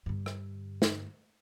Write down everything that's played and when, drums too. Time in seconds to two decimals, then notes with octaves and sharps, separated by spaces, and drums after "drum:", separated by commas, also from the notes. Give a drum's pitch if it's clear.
0.06 G2 D3
0.26 drum: rim click
0.82 drum: snare